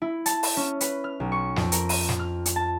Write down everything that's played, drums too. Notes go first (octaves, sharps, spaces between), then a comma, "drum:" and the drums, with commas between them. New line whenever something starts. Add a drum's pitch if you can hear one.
E4
A5, drum: hi-hat
drum: open hi-hat
C#4
B4, drum: hi-hat
F6
B1
C#6
F2, drum: snare
A#4, drum: hi-hat
D#7, drum: open hi-hat
drum: snare
F6
drum: hi-hat
A5